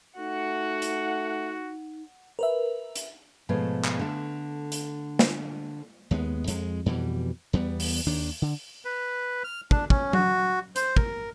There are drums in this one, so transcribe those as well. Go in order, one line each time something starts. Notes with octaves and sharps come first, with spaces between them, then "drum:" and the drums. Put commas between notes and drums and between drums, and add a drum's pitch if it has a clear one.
A3 D#4 F#4 F#5
drum: hi-hat
A#4 B4 E5
drum: hi-hat
G#2 B2 F3 A3 C#5
drum: clap
D3 A3
drum: hi-hat
drum: snare
D#2 G#3 A#3 B3
F2 G#3, drum: hi-hat
F2 B2 E3 G3
E2 G3 B3
drum: open hi-hat
D#2 D#3 D4
D3
B4
F6
D4, drum: kick
C#4, drum: kick
F#4, drum: tom F#3
C5, drum: hi-hat
A#4, drum: kick